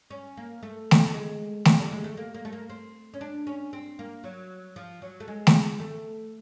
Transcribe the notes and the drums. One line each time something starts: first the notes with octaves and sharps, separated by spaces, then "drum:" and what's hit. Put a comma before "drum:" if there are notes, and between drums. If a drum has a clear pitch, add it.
C#4
A#3
A3
drum: snare A3
A3
G#3
A3, drum: snare A3
G3
G#3
A3
A#3
A#3
A3
A#3
C4
C#4
D4
C#4
C4
A#3
F#3
F3
F#3
A3
G#3
drum: snare A3
A3